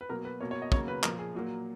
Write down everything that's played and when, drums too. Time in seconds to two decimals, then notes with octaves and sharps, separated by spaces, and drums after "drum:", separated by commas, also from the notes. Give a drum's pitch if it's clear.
0.01 B4
0.09 B2 F#3 A#3 A#4
0.25 B4
0.41 B2 A#3 C#5
0.51 C#5
0.62 D#5
0.72 C#3 F#3 A#3 C#5, drum: kick
0.88 B4
1.03 A#2 F3 A#3 A#4, drum: clap
1.19 G#4
1.35 A#2 F#3 A#3